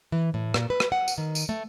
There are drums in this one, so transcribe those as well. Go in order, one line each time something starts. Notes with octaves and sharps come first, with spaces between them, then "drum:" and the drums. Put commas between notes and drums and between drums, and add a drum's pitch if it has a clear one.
E3
A2
A#2, drum: rim click
B4
drum: rim click
F#5
drum: tambourine
D#3
drum: tambourine
A3